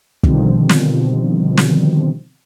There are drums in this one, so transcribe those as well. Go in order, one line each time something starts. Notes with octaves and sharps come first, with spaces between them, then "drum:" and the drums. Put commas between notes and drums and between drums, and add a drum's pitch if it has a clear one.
B2 D3 D#3 F3 G3 C4, drum: kick
drum: snare
drum: snare